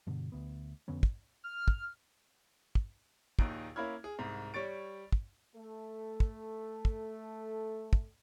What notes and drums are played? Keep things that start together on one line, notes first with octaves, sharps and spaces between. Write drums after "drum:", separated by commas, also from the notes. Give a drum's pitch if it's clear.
G2 B2 D3
D2 B3
F2 D3 B3 C#4
drum: kick
F6
drum: kick
drum: kick
A#1 D#2 D#4 D7, drum: kick
A#3 C#4 E4 B5 F6 G#6
G#4
C2 G#2
G3 C#5 C#6 A6 D7
drum: kick
A3 A4
drum: kick
drum: kick
drum: kick